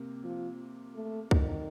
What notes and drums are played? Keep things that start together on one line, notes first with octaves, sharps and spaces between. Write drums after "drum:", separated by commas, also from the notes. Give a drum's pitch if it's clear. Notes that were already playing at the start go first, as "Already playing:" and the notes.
Already playing: C3 A#3
F3
A3
D#3, drum: kick C#2